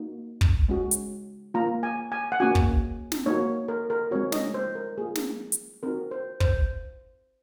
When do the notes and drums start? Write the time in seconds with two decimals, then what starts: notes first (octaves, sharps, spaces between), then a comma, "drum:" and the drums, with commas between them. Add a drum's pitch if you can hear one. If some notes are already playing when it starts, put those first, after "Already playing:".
Already playing: A#3 D#4 F#4
0.41 drum: kick
0.69 G#3 C#4 F#4
0.91 drum: hi-hat
1.54 A#3 F4 A#5
1.83 G#5
2.12 G#5
2.32 F#5
2.40 A#3 C#4 F#4 G#5
2.55 drum: kick
3.12 drum: snare
3.26 A#3 D#4 F#4 C#5
3.68 A#4
3.90 A#4
4.11 G#3 C4 F#4 C#5
4.32 D#5, drum: snare
4.54 C5
4.75 A#4
4.98 A#3 F4 G#4
5.15 drum: snare
5.52 drum: hi-hat
5.83 C4 D#4 F#4 A#4
6.11 C5
6.40 C5, drum: kick